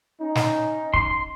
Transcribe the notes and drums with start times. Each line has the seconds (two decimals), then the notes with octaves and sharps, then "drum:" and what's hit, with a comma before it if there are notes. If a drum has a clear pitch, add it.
0.21 C#4 D#4
0.35 drum: snare
0.94 C6, drum: kick